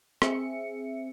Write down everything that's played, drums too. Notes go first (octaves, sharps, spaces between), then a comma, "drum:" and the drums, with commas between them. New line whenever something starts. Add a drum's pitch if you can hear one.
C4 G#4 E5 C#7, drum: rim click